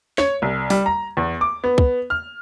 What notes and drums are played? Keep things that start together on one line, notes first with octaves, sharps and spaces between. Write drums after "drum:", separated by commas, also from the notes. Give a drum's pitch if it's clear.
C#5, drum: snare
C2
G3, drum: open hi-hat
A#5
E2
D6
B3
drum: kick
F6